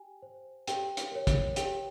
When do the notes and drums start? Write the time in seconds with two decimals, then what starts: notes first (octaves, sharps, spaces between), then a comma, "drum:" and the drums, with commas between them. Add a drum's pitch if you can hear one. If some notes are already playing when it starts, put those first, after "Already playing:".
Already playing: G4 G5 G#5
0.22 C5
0.67 G4 G5, drum: hi-hat
0.97 drum: hi-hat
1.12 A#4 C#5
1.27 drum: kick, hi-hat
1.56 G4 G5, drum: hi-hat